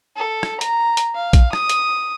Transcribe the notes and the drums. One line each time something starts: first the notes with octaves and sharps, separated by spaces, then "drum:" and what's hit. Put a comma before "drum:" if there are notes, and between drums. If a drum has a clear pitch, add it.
A4
drum: rim click
A#5, drum: hi-hat
drum: hi-hat
F5
drum: kick A#1, hi-hat
D#6, drum: rim click
drum: hi-hat